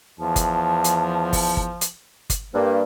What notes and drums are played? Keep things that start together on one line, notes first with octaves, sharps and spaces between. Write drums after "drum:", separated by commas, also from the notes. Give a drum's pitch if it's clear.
E2 F3 A5
drum: kick G1, hi-hat
drum: hi-hat
drum: kick G1, open hi-hat
drum: kick G1
drum: hi-hat
drum: kick G1, hi-hat
G2 G3 A#3 A#4